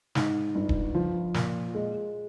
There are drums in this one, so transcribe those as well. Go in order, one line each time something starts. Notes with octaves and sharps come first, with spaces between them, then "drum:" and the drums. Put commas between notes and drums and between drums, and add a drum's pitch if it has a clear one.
G#2, drum: snare
G1
drum: kick D#1
F3
A#2, drum: snare
G#3